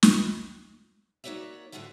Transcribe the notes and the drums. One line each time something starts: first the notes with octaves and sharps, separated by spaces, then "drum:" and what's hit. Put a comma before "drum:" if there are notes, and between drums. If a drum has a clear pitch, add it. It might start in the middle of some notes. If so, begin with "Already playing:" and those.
drum: snare
A#3 D#4 F#4 C#5 D5 E5
D2 A2 D3 F4 F#4 E5